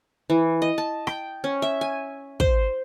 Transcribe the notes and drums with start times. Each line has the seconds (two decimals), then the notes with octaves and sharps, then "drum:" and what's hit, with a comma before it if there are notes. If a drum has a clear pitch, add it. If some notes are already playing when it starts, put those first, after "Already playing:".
0.30 E3
0.62 D#5
0.78 A5
1.07 G5, drum: rim click
1.44 C#4
1.62 E5
1.81 G#5
2.40 C5, drum: kick